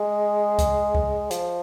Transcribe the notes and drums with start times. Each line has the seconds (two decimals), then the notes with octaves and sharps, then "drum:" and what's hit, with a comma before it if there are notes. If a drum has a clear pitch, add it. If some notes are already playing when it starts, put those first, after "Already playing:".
Already playing: G#3
0.59 drum: kick C2, hi-hat
0.95 drum: kick C2
1.31 F3, drum: hi-hat